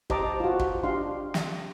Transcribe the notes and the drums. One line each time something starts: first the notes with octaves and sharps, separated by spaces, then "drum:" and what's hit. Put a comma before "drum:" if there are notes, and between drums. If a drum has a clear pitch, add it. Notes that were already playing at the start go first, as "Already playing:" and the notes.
G4 C5 D#5 A5 A#5 D6, drum: kick
F4 F#4
drum: kick
D4 G4 D#5 F5 C6
drum: snare